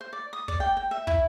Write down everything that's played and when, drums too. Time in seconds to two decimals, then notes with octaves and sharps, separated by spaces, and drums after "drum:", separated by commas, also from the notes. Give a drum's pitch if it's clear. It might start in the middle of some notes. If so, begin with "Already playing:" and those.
0.01 C5
0.13 D5
0.33 D#6
0.48 D5, drum: kick
0.60 G5
0.77 G5
0.91 E5
1.07 E4, drum: kick